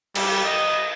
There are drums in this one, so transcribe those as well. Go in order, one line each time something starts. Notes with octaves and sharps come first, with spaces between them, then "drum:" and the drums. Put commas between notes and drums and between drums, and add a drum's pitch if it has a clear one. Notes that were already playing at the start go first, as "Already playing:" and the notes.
G3, drum: cymbal
D#5